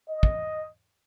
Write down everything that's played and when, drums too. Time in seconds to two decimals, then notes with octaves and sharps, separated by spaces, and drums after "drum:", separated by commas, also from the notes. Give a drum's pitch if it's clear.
0.09 D#5
0.23 drum: kick